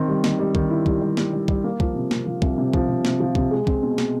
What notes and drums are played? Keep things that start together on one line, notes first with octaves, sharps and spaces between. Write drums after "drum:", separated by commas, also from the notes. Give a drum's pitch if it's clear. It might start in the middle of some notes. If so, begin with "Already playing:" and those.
Already playing: D#3 C4
G3
D#3, drum: snare
G3
D#3, drum: kick C2
E4
G3, drum: kick C2
G3
G3, drum: snare
G3
G3, drum: kick C2
A#3
F3, drum: kick C2
C3
C3, drum: snare
F3
C2, drum: kick C2
C3
F3, drum: kick C2
C3
C3, drum: snare
F3
C3, drum: kick C2
G#3
C4, drum: kick C2
B2
drum: snare